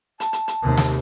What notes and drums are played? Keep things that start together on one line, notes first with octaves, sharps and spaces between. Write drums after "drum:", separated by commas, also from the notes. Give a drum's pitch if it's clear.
A5, drum: hi-hat
drum: hi-hat
drum: hi-hat
D#2 C3
drum: snare